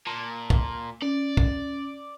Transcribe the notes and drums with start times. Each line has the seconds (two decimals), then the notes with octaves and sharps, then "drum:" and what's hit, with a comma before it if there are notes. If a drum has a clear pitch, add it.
0.07 A#2 A5
0.50 drum: kick
1.02 C#4 D5
1.37 drum: kick